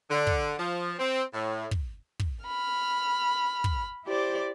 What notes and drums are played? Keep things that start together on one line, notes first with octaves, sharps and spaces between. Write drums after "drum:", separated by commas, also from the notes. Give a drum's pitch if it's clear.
D3
drum: kick
F3
C4
A2
drum: kick
drum: kick
B5 F6
drum: kick
E4 G4 C5 D5